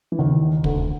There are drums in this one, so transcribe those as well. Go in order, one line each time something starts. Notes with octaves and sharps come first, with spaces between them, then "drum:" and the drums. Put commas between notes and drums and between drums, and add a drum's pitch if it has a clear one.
E3
D#2 D#3
D2 D3, drum: kick